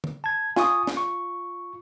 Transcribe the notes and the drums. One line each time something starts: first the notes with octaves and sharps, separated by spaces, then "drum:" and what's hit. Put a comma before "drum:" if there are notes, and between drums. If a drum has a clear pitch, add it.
drum: tom
A5 G#6
F4 G#5 C#6 D#6, drum: snare
drum: snare
C#6